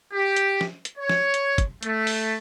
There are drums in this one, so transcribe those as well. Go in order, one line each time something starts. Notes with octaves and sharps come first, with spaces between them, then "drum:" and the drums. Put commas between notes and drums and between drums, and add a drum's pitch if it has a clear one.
G4
drum: hi-hat
drum: snare
drum: hi-hat
C#5
drum: snare
drum: hi-hat
drum: kick, hi-hat
A3, drum: hi-hat
drum: open hi-hat